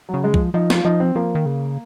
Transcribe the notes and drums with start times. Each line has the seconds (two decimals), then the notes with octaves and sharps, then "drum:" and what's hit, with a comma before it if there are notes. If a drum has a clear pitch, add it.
0.09 F#3
0.14 C#3
0.24 G#3
0.34 F3, drum: kick
0.54 F3 D#4
0.70 F4, drum: snare
0.85 F3 D#4
1.00 C4
1.16 F3 A#3
1.35 D#3
1.46 C#3